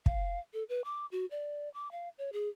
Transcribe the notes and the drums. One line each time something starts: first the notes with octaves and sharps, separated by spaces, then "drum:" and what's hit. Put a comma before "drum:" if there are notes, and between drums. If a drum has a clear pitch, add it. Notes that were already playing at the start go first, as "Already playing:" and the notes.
F5, drum: kick
A4
B4
D6
F#4
D5
D6
F5
C#5
G#4